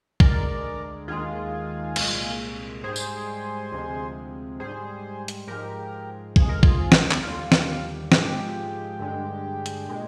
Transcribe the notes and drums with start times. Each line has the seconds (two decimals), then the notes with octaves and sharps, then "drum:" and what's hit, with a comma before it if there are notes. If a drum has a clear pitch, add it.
0.20 D2 D3 G#3 A#4 D5, drum: kick
1.08 D#2 D#3 G#3 F4 G#4
1.96 C2 A#2 G#3, drum: cymbal
2.84 G#2 G3 G#4 C5
2.96 drum: tambourine
3.72 D2 C3 F3 G#3
4.60 G#2 G3 G#4 C5
5.28 drum: hi-hat
5.47 G#2 F3 G#3 G4 A#4
6.36 F2 C3 F3 G#3 G#4, drum: kick
6.49 A#4
6.63 F4 G#4, drum: kick
6.92 drum: snare
7.11 drum: clap
7.23 D#2 D3 G3 F4
7.52 drum: snare
8.12 G#2 F3 G#3 G4, drum: snare
8.99 G2 D3 G#3
9.66 drum: hi-hat
9.89 A#2 G#3